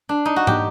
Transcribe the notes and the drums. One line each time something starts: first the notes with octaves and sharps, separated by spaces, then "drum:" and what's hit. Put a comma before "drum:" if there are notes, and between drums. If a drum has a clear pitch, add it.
D4
D#4
F#4
G4, drum: tom